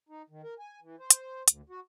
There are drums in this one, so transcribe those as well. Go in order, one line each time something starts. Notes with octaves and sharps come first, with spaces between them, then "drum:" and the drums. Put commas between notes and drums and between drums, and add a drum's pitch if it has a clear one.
D#4
D#3
A#4
G#5
E3
C5
drum: hi-hat
D2, drum: hi-hat
F#4